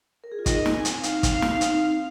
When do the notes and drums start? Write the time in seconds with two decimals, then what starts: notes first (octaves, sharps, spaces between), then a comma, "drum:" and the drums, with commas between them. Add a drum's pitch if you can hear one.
0.24 A#4
0.32 G#4
0.39 F4
0.46 D#4 D#5, drum: kick, hi-hat
0.66 drum: snare
0.75 C4 G#5
0.85 drum: hi-hat
1.03 D#4 F5, drum: hi-hat
1.23 drum: kick, hi-hat
1.32 C4
1.42 drum: snare
1.57 D#4
1.61 C4, drum: hi-hat
1.72 D#4
1.81 C4